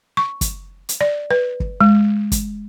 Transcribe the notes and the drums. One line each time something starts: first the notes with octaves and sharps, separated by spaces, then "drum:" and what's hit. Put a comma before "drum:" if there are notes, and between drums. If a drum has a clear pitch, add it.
C#6
drum: kick, hi-hat
drum: hi-hat
D5
B4
drum: kick
G#3
drum: kick, hi-hat